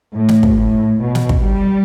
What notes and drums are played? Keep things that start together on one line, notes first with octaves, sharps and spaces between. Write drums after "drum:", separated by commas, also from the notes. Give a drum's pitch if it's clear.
A2
drum: snare
drum: kick
A2
B2
drum: snare
drum: kick
G3